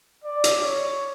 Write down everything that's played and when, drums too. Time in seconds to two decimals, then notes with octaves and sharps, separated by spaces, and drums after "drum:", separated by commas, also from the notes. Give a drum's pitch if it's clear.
0.24 D5
0.44 drum: hi-hat
0.65 C#5